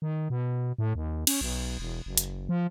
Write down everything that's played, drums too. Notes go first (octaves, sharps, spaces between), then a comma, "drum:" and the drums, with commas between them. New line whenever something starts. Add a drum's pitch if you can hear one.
D#3
B2
A2
D#2
C#4, drum: cymbal
B1
E1
F#1
drum: hi-hat
F3